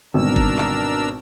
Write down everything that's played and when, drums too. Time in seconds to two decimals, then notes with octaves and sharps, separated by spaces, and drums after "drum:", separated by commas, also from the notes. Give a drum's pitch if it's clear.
0.14 G#1 B2 D3 G3 D4 A#4 E6
0.36 drum: kick G1
0.58 drum: clap